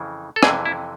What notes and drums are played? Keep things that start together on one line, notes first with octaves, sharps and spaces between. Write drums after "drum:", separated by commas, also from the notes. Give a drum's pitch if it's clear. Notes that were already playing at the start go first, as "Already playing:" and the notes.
Already playing: F2 C#3 E3
A4
F2 C3 E3 G#4, drum: rim click
E4